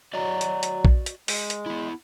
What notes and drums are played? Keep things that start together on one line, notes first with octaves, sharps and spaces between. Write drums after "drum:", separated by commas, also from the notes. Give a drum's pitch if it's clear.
F#3 F#4 D5 D#5
drum: hi-hat
drum: hi-hat
drum: kick A#1
drum: hi-hat
G#3, drum: open hi-hat
drum: hi-hat
B3 E4